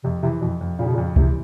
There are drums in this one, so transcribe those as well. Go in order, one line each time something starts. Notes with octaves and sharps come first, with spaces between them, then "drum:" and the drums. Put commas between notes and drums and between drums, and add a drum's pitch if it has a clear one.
F2 C3
C3 E3
F2 B2
F2
A#2 C#3
B2
A#2
F2
C3 E3, drum: kick C#2